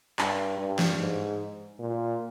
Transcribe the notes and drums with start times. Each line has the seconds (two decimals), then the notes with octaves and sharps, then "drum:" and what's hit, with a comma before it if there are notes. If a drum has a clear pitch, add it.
0.19 G2, drum: clap
0.59 G2
0.79 drum: snare
0.99 G#2
1.79 A#2